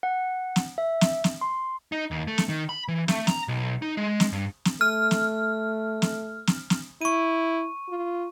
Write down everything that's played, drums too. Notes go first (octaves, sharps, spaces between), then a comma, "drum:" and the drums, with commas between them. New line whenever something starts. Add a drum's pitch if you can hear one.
F#5
drum: snare
E5
drum: snare
drum: snare
C6
D#4
D#2
A3
drum: snare
D#3
B5
E3
A3, drum: snare
A#5, drum: snare
B1
D#4
G#3
drum: snare
G2
drum: snare
A3 F6
drum: snare
drum: snare
drum: snare
drum: snare
E4 C#6 D#7
F4